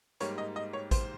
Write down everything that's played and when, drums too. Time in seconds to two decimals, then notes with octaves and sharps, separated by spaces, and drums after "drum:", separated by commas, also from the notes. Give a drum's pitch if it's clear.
0.20 G#2 G3 A#3 C#5, drum: hi-hat
0.38 D#5
0.56 D#5
0.73 C#5
0.91 C5, drum: kick A1, hi-hat